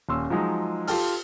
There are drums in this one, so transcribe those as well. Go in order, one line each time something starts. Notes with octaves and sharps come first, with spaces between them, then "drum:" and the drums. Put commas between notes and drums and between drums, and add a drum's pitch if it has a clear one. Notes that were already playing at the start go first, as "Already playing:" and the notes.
D#1 C#4 C6 E6
F3 F#3 G#3 D#4
F4 G4 A4 G5 A5 F6, drum: open hi-hat